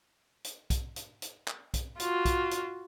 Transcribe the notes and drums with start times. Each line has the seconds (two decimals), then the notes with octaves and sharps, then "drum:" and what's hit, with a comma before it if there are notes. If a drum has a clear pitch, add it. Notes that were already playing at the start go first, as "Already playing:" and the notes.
0.44 drum: hi-hat
0.70 drum: kick B1, hi-hat
0.96 drum: hi-hat
1.22 drum: hi-hat
1.48 drum: clap
1.74 drum: kick B1, hi-hat
2.00 F4 F#4, drum: hi-hat
2.25 drum: kick B1, hi-hat
2.51 drum: hi-hat